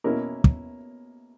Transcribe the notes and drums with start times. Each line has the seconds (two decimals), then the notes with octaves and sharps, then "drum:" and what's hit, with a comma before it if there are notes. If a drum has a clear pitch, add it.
0.04 B2 A#3 C#4 E4
0.44 drum: kick